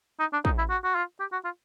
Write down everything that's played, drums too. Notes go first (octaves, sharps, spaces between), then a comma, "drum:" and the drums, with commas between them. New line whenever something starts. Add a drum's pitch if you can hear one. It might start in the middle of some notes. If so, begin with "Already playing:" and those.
D#4
D4
D#4, drum: kick
E4
F#4
F#4
F4
G4
F#4
F4